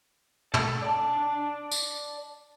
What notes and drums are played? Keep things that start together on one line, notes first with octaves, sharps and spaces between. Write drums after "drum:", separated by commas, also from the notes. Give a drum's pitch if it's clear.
A4, drum: tom
D5 A5
drum: tambourine